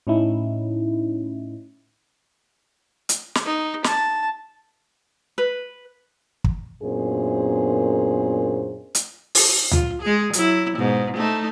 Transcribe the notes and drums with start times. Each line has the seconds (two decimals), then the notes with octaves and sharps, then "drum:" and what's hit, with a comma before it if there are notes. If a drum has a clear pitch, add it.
0.07 A2 C#4 D#4 E4
3.09 drum: hi-hat
3.35 drum: snare
3.45 D#4
3.84 A5, drum: snare
5.38 B4
6.44 drum: kick
6.82 F#2 A#2 B3 D4 G#4 C5
8.95 drum: hi-hat
9.35 drum: open hi-hat
9.71 F4, drum: tom D2
10.02 G#3 G#4
10.33 F#3 E4, drum: hi-hat
10.77 G#2 B2
11.17 A3 D#4